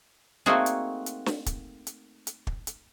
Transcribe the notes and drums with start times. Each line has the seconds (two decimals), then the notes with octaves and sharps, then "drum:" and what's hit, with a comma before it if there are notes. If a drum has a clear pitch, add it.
0.46 A3 A#3 C4 D#4 F#4 G#4
0.66 drum: hi-hat
1.06 drum: hi-hat
1.26 drum: snare
1.46 drum: kick, hi-hat
1.87 drum: hi-hat
2.27 drum: hi-hat
2.47 drum: kick
2.67 drum: hi-hat